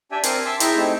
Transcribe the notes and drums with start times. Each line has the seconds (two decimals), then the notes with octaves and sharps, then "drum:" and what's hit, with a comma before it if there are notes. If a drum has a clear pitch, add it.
0.12 D4 G4 D5 E5 G5 G#5
0.23 C4 A#4 C5 D5 G#5, drum: hi-hat
0.45 E5 A5 C6 D6 E6
0.60 E4 G#4 E5 G5 A#5, drum: hi-hat
0.76 A3 C4 D#4 G4